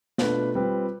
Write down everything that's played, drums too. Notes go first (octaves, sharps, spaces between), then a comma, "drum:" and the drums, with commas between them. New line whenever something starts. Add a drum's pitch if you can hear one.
B2 A3 D4 F4 B4, drum: snare
G3 C4 F4 B4